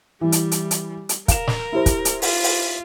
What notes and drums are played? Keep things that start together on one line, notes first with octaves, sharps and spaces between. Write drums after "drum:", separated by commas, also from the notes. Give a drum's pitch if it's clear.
E3 G3
drum: hi-hat
drum: hi-hat
drum: hi-hat
drum: hi-hat
A#4 F5 E7, drum: kick, hi-hat
drum: snare
E4 G4 C5
drum: kick, hi-hat
drum: hi-hat
F4, drum: open hi-hat
drum: open hi-hat